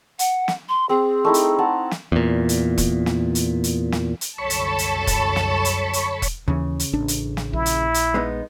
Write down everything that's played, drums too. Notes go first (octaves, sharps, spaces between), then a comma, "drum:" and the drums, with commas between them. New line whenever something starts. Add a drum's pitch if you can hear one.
F#5, drum: hi-hat
drum: snare
C6
C4 G#4
A3 D#4 E4
drum: hi-hat
F#5 A5 A#5
drum: snare
E2 A#2
drum: hi-hat
drum: kick E1, hi-hat
drum: snare
drum: hi-hat
drum: hi-hat
drum: snare
drum: hi-hat
C2 F#2 D3 A4 C#5 A5 B5 C#6
drum: hi-hat
drum: hi-hat
drum: kick E1, hi-hat
drum: snare
drum: hi-hat
drum: hi-hat
drum: kick E1, hi-hat
D#2 C#3 E3
drum: hi-hat
A1 D4
drum: hi-hat
drum: snare
A#1 E4
drum: hi-hat
drum: hi-hat
G#3 B3 D#4